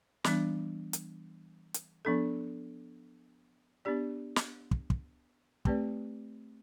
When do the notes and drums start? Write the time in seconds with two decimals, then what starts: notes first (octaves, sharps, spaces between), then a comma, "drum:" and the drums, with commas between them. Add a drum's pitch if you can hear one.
0.24 E3 G3 B3 D4, drum: snare
0.93 drum: hi-hat
1.74 drum: hi-hat
2.05 F3 B3 D4 A4
3.85 B3 D4 G4 D5
4.36 drum: snare
4.71 drum: kick
4.90 drum: kick
5.65 A3 C4 G4 B4 D5, drum: kick